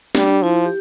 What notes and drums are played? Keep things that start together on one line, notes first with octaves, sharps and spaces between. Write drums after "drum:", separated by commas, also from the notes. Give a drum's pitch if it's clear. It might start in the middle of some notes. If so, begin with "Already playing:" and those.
G3 D4, drum: snare
F3 E4
G4